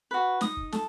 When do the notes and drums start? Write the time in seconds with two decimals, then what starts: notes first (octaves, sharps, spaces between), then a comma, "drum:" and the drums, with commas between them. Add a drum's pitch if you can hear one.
0.11 F#4 B4
0.41 D#4 D#6, drum: snare
0.57 drum: kick
0.72 A4, drum: snare